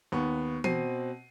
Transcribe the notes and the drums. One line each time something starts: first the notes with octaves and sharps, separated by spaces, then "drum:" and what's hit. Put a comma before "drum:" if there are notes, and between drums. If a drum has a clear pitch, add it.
D#2 B3 C#6
B2 C4 C7 D#7, drum: tom E3